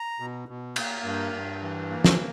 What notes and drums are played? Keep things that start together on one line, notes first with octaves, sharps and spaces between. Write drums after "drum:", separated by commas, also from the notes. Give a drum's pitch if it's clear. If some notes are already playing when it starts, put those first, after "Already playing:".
Already playing: A#5
B2
B2
A#3, drum: cymbal
G2
G2
E3
A#3
drum: snare